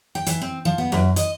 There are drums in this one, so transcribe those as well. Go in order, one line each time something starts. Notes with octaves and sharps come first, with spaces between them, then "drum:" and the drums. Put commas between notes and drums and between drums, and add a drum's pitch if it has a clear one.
G5
E3, drum: hi-hat
C4
F3
B3
F#2, drum: snare
D#5, drum: hi-hat